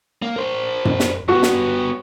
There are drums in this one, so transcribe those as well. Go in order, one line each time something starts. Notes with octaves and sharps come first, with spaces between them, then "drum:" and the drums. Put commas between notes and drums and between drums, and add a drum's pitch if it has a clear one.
A#3
A#4 C5
drum: tom F#2
drum: snare
G2 B3 F#4 C#6
drum: snare